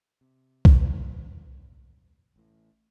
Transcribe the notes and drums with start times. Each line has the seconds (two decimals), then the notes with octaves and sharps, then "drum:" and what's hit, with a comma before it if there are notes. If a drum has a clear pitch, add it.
0.21 C3
0.65 drum: kick B1
2.36 A1 A2